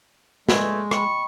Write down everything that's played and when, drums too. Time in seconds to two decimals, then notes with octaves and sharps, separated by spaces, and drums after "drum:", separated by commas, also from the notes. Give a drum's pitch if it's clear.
0.49 G#3 A3 B4 D5 G#6, drum: snare
0.91 D#5 G5 B5 C#6, drum: rim click